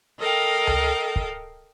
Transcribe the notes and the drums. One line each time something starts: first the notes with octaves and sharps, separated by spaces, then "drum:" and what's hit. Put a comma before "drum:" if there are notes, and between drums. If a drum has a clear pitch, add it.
A4 A#4 D#5 F5 G5
drum: tom C#2
drum: kick